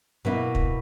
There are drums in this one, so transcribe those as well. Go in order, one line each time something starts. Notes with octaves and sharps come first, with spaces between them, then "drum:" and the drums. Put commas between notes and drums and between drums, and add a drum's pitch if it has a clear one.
B2 A#3 E4
drum: kick